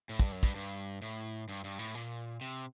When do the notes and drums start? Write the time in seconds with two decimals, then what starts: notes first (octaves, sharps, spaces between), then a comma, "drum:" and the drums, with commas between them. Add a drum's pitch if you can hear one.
0.09 A2
0.20 G2, drum: kick
0.32 F#2
0.43 G2, drum: kick
0.55 G2
1.02 A2
1.49 G2
1.64 G2
1.79 A2
1.95 A#2
2.41 C3